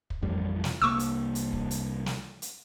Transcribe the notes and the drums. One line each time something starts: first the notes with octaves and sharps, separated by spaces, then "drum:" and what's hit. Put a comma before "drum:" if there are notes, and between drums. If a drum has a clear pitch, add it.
drum: kick
A1 F2 G3
drum: snare
C2 A#3 C#6 D6 E6
drum: hi-hat
drum: hi-hat
drum: kick
drum: hi-hat
drum: snare
drum: hi-hat